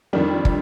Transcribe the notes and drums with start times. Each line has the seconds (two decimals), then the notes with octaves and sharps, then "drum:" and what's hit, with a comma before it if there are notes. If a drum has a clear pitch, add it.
0.13 F2 D#3 G3 D4
0.45 drum: kick